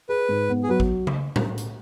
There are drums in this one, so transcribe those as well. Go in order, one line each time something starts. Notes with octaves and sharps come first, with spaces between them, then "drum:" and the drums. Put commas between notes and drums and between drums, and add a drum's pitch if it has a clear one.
G#4 B4
G#2
B3
G#4
F#3 B4
drum: kick A1
drum: tom C#3
drum: tom A2
drum: hi-hat